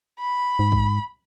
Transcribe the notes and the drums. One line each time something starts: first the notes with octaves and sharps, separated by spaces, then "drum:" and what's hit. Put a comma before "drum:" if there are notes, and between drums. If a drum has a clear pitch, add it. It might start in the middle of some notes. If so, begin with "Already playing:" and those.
B5
G#2
drum: kick